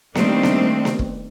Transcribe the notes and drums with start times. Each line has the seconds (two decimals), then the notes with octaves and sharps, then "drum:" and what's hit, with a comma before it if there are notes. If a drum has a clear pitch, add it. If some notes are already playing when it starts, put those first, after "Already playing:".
0.15 D#3 G3 A3 A#3 C4 D4, drum: snare B3
0.43 drum: snare B3
0.85 drum: snare B3
0.99 drum: kick